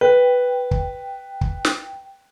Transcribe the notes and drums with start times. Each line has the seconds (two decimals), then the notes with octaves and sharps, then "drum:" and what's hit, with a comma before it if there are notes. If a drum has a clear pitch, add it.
0.01 B4 G5
0.71 drum: kick
1.41 drum: kick
1.65 drum: snare